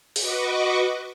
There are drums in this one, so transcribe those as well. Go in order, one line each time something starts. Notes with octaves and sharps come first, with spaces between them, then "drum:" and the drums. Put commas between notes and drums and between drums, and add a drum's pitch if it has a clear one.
F#4 B4 D#5 C#6 D6, drum: open hi-hat